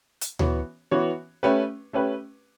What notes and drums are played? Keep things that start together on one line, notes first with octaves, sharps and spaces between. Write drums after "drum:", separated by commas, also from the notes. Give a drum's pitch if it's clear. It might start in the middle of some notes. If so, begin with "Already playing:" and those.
drum: hi-hat
E3 B3 F#4 C#5, drum: tom D2
E3 B3 F#4 C#5
A3 C#4 G4 B4
A3 C#4 G4 B4